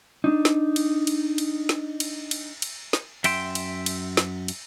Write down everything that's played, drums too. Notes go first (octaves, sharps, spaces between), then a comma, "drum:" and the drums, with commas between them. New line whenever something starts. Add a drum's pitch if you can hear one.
D4 D#4
drum: snare
drum: cymbal
drum: cymbal
drum: cymbal
drum: snare
drum: cymbal
drum: cymbal
drum: cymbal
drum: snare
F#2 E5 G5 C6, drum: cymbal
drum: cymbal
drum: cymbal
drum: snare
drum: cymbal